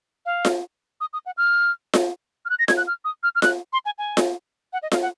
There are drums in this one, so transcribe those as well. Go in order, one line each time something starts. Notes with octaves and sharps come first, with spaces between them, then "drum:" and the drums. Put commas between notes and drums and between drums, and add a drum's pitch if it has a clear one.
F5
drum: snare F4
D#6
D#6
F#5
F6
drum: snare F4
F6
F#6
A#6
G#6, drum: snare F4
F#6
F6
D#6
F6
F6
F#6, drum: snare F4
C6
G#5
G#5
drum: snare F4
F#5
D#5
F5, drum: snare F4
F#5